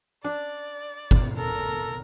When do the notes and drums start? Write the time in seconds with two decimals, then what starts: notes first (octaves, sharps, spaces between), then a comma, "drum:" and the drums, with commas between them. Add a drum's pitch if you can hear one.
0.24 D4 D5
1.11 drum: kick
1.36 A4 A#4